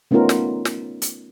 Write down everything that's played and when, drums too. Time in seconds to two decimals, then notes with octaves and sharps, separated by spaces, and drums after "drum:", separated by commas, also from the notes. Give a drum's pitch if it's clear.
0.11 A3 B3 C#4 D#4 F4 A#4
0.29 drum: snare
0.65 drum: snare
1.02 drum: hi-hat